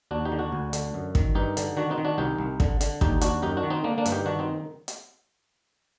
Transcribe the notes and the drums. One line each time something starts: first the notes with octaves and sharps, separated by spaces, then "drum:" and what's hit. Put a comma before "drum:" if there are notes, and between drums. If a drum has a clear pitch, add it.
D#2 D4 F#4
D#4 G4
D3
D4 F#4
D2
D3, drum: hi-hat
F#2
D#3, drum: kick
G2 D#4 G4
D3, drum: hi-hat
D#3 D4 F#4
C4 D#4
D#3
D4 F#4
C2 D#4 G4
C2
D3, drum: kick
D3, drum: hi-hat
D#2 D#4 G4, drum: kick
D#2 D4 F#4, drum: hi-hat
F#2 D#4 G4
D4 F#4
D#3
C4 D#4
D3 A#3 D4
A#3 D4
G2, drum: hi-hat
D#4 G4
D#3 D4 F#4
C4 D#4
drum: hi-hat